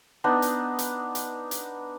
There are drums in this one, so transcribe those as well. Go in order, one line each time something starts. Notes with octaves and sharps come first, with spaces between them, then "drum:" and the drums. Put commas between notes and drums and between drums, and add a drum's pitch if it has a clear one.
B3 D4 D#4
drum: hi-hat
drum: hi-hat
drum: hi-hat
drum: hi-hat